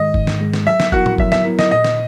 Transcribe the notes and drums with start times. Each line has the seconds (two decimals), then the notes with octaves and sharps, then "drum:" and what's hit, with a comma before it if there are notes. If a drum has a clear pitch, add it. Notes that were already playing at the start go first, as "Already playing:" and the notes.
Already playing: G#2 D#3 G#3 D#5
0.14 G#2, drum: kick
0.27 drum: snare
0.41 D#3 G#3
0.54 drum: snare
0.66 F#3 E5
0.80 drum: snare
0.92 B3 E4 F#4 A#4 F#5, drum: kick
1.06 drum: tom
1.18 F#3 E5, drum: kick
1.32 E5, drum: snare
1.45 B3 E4 A#4
1.59 D#5, drum: snare
1.71 A#2 D#5
1.84 drum: snare